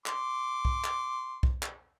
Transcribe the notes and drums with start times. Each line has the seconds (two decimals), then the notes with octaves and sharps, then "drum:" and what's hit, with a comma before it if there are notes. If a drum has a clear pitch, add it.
0.06 C6 D6, drum: clap
0.65 drum: kick B1
0.84 drum: clap
1.43 drum: kick B1
1.63 drum: clap